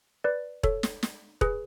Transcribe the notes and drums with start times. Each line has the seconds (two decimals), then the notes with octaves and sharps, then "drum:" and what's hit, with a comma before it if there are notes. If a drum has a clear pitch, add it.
0.24 B4 D5
0.63 A4 C#5, drum: kick E1
0.83 drum: snare
1.03 drum: snare
1.41 G#4 B4, drum: kick E1